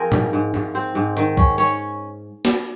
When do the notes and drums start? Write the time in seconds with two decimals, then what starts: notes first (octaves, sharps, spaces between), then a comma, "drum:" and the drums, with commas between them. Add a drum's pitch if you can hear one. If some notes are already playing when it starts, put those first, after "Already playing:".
Already playing: F3 C4 G#4 A#4
0.12 G#2, drum: tom
0.33 G#2
0.54 G#2, drum: tom
0.75 C4 C5
0.95 G#2
1.17 D#3, drum: hi-hat
1.37 C#4, drum: kick
1.58 C#4 C#5, drum: open hi-hat
2.45 drum: snare